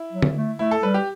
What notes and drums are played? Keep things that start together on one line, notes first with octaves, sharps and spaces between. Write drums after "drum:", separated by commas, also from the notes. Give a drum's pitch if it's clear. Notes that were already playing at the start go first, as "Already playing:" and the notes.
Already playing: E4
F#3
drum: tom D3
A3
A3 E4
A4
G3 B4
G4